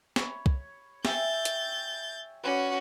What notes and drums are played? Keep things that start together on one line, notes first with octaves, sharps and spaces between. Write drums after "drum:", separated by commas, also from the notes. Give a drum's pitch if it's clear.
C#5 B5, drum: snare
drum: kick
E5 G5 G#5 G6 A6, drum: snare
drum: hi-hat
C#4 F#4 B4 C#5 D5